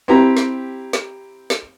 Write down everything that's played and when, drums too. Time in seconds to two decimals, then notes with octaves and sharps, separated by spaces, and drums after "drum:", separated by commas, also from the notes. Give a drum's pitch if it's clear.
0.08 C4 E4 G4 A#5
0.37 drum: snare
0.93 drum: snare
1.50 drum: snare